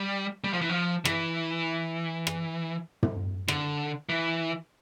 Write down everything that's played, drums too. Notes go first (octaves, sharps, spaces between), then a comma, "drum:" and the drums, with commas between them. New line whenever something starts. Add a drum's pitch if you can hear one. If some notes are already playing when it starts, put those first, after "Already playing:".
Already playing: G3
G3
F3
E3
F3
E3, drum: rim click
drum: rim click
drum: tom
D3, drum: rim click
E3